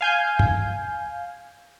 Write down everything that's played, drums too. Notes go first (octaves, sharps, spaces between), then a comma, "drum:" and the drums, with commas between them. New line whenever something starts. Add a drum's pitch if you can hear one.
F5 G#5 G6
drum: tom